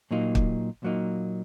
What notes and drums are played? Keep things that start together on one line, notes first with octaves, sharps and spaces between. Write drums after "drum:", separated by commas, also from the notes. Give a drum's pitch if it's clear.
A#2 F#3 A#3 D#4
drum: kick
A#2 F#3 A#3 D#4